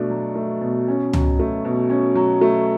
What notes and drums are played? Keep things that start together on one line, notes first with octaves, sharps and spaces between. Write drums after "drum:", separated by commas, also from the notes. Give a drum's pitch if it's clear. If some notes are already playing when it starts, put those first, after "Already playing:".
Already playing: B2 A3 D4
F#3
A3
B2
C#4
F#3, drum: tom C#2
A3
B2
C#4
F#3
A3